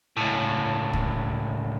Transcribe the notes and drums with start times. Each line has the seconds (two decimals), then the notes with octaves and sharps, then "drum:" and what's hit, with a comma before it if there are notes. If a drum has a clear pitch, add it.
0.17 C#2 A2
0.93 drum: kick